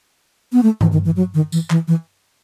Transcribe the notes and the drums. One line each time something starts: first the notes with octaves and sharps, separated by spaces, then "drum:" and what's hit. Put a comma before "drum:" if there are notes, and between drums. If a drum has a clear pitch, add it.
B3
A3
E3, drum: tom G2
D#3
E3
F#3
D#3
E3, drum: tambourine
E3, drum: clap
E3